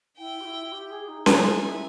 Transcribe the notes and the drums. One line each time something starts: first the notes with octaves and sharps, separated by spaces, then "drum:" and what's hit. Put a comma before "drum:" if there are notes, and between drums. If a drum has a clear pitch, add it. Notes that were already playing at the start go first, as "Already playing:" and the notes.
E4 G5
G4
E4
G4
G#4
D#4
D#4 G#5, drum: snare C#4
D#4
E4